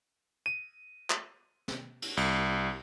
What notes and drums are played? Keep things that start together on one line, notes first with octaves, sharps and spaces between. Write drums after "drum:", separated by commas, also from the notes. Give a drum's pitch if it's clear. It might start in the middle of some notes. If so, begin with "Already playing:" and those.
D#7
drum: clap
drum: snare
drum: cymbal
C2, drum: cymbal